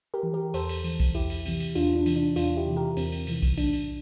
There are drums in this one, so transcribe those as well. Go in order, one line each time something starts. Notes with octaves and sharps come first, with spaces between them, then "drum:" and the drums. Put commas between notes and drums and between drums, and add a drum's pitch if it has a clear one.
G4 A#4
E3
G4 A#4
E2 A4 C5, drum: cymbal
drum: cymbal
E3, drum: cymbal
drum: kick A#1, cymbal
E2 E4 G4, drum: cymbal
drum: cymbal
C3 E3, drum: cymbal
drum: cymbal
E2 D4 F4, drum: cymbal
D4
C3 E3, drum: cymbal
D4
E2 D4 F4, drum: cymbal
E4 G4
C3 E3
G4 A#4
E2 C4, drum: cymbal
drum: cymbal
C3 E3, drum: cymbal
drum: kick A#1, cymbal
A2 D4, drum: cymbal
drum: cymbal